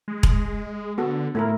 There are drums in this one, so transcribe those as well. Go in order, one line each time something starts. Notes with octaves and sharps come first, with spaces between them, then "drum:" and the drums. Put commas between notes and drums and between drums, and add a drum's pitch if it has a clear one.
G#3
drum: kick E1
D3 B3 F#4 A4
A2 A3 E4 A#4